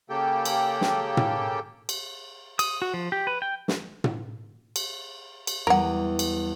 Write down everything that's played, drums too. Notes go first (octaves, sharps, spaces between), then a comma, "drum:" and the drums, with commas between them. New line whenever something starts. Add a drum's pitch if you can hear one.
C#3 A#3 G4 A4 G5
drum: cymbal
drum: snare
drum: tom
drum: cymbal
D#6, drum: cymbal
F#4
F3
G4
B4
G5
drum: snare
drum: tom
drum: cymbal
drum: cymbal
E2 G3 A#4 F#5
drum: cymbal